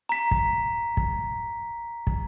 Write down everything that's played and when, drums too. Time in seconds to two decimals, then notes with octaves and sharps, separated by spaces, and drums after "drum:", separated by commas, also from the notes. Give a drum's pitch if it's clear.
0.09 A#5 B6
0.31 drum: kick
0.97 drum: kick
2.07 drum: kick